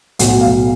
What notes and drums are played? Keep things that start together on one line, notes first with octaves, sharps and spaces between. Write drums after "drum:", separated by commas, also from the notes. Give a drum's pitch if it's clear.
B1 A2 F#3 F#5, drum: hi-hat
F5